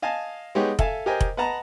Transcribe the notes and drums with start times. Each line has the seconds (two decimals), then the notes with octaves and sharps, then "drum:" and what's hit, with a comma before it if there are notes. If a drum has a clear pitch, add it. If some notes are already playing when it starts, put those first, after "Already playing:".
0.02 D#5 F5 G#5 A5
0.55 G#3 B3 D#4 G4 C#5 F#5
0.79 A4 E5 F5 G#5 A5, drum: kick F1
1.06 G4 A#4 C5 D#5 G5 G#5
1.21 drum: kick F1
1.37 B4 D#5 F#5 A5 A#5